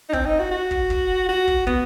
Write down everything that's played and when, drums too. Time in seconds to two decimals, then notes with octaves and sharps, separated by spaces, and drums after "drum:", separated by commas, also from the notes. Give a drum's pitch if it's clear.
0.09 D#4
0.13 C4, drum: kick
0.25 D#4
0.39 F#4
0.51 F#4
0.71 drum: kick
0.90 drum: kick
1.29 F#4
1.48 drum: kick
1.67 B3, drum: kick